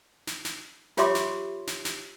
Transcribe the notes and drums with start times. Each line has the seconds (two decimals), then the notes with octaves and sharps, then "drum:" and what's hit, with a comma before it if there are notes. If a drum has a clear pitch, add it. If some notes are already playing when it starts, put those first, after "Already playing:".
0.27 drum: snare
0.45 drum: snare
0.97 F4 G4 C#5 E5 C6 D6, drum: snare
1.15 drum: snare
1.67 drum: snare
1.85 drum: snare